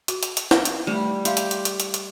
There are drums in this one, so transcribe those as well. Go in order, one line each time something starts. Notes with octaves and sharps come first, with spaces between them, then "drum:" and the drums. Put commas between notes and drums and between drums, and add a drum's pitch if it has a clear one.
F#4, drum: hi-hat
drum: hi-hat
drum: hi-hat
drum: snare
drum: hi-hat
G3 A3
G4 E5 F5 C6, drum: hi-hat
drum: hi-hat
drum: hi-hat
drum: hi-hat
drum: hi-hat
drum: hi-hat